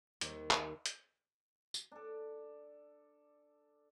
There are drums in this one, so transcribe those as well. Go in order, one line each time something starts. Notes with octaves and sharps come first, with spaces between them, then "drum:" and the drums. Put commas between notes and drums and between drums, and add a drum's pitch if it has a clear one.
D#2, drum: hi-hat
drum: clap
drum: hi-hat
drum: tambourine
D4 A4